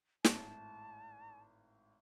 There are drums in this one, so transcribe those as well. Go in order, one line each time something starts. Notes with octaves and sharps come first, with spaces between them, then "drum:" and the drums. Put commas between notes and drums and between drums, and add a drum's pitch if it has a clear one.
G#1 A2 A5, drum: snare